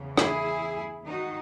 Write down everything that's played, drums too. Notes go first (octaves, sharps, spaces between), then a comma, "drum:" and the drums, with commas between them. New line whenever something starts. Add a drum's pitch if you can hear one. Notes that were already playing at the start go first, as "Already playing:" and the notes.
Already playing: E2 C#3 E3
E4 G#4, drum: rim click
G#2 D#3 D#4 F#4